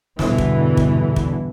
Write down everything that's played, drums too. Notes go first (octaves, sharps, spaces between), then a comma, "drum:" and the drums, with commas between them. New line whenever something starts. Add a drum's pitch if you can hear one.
E2 G2 B2 D3 E3, drum: snare
drum: kick
drum: kick
drum: kick